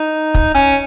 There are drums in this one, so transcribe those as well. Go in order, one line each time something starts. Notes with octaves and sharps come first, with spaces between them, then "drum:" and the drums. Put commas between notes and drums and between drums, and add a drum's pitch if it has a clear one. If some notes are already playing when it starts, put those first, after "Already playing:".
Already playing: D#4
drum: kick
C#4